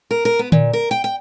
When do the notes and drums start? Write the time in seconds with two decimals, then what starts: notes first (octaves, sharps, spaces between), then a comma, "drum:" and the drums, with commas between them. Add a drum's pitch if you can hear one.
0.11 A#4
0.25 A#4
0.39 B3
0.52 A#2, drum: tom D3
0.73 A#4
0.91 G5
1.04 G5